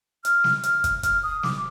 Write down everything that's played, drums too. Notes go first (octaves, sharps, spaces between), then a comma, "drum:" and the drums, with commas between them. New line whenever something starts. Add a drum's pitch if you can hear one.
F6, drum: hi-hat
drum: snare
F6, drum: hi-hat
drum: kick, hi-hat
F6, drum: kick, hi-hat
D#6
D6, drum: snare